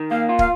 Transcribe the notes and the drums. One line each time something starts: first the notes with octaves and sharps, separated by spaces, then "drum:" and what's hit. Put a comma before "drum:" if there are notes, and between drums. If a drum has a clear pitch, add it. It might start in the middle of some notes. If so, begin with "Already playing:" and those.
Already playing: D#3
A#3 F5
F4
F5, drum: kick